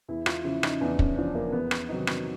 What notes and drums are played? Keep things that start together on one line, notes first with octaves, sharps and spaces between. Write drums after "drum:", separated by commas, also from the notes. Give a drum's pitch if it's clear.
E2 E4
F4, drum: rim click
C#3 F3 E4
D#4, drum: rim click
E2 D4
C#4, drum: kick
C#3 F3 D4
A#3
E2 B3
drum: rim click
C3 D#3 F#3 D#4
drum: rim click